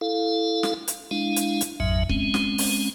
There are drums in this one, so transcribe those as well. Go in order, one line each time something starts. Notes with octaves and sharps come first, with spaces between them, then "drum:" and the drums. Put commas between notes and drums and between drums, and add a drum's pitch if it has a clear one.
E4 A4 F5
drum: snare
drum: hi-hat
G#3 D4 E4 F5
drum: hi-hat
drum: hi-hat
A1 F2 G#2 F#3 E5
G#3 C4 C#4, drum: kick C#1
drum: snare
drum: open hi-hat